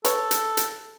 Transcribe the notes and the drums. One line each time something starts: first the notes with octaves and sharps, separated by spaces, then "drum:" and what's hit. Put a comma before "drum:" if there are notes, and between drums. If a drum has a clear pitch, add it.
A4 B4 C#5, drum: hi-hat
drum: hi-hat
drum: hi-hat